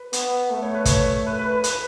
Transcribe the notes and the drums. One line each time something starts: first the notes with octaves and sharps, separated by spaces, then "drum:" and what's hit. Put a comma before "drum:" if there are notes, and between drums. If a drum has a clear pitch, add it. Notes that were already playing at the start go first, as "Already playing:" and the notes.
Already playing: B4
B3, drum: hi-hat
A3
C#5
B4
C#5, drum: kick, hi-hat
B4
B4
B4
B4, drum: hi-hat